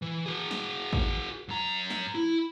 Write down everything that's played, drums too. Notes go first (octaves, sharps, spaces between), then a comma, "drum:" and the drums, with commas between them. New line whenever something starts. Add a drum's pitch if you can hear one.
E3
F#4 G#4
drum: snare
drum: kick
F#2 A#5
drum: snare
E4